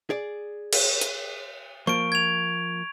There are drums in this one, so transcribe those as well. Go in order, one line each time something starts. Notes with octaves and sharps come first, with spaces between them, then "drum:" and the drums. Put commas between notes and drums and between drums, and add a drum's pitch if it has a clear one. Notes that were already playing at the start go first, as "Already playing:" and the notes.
G#4 D5
drum: cymbal
drum: hi-hat
F3 A#3 C#6 D7
G#6 F7